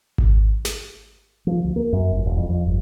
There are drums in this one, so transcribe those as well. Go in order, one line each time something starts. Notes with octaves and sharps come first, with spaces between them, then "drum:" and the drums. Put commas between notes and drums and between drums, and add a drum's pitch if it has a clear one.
drum: kick G#1
drum: snare
F3
D2
A#3
F#2
G1
E1
F2
F2
G1